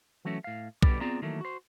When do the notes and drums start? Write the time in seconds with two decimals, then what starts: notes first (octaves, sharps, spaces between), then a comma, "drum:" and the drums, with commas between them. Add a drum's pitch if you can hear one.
0.25 E3 F#3 A3 C#4
0.44 A2 F5
0.82 G2 B2 D3 G3 B4 D5, drum: kick B1
1.01 B3 C4 F4 G#4 D5 A#5
1.22 D#3 E3 F#3 A3 A#3
1.41 F#4 C5